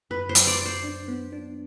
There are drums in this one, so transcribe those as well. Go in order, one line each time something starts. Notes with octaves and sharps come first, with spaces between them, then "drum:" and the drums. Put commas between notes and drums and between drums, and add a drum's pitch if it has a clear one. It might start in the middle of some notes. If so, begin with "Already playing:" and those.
F#2 B4
C5
F#3, drum: hi-hat
D5
F#3
C5
D4
B3
D4